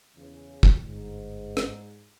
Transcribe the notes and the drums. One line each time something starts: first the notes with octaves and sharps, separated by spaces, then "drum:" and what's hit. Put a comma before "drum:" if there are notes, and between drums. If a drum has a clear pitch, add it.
E2 C#3
drum: kick
G1 G#2
drum: rim click